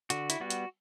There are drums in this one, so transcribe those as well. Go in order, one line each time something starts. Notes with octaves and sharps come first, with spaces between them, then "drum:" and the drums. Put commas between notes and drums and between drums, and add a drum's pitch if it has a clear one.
D3 F#4, drum: hi-hat
E4, drum: hi-hat
G3 B3 F#4
drum: hi-hat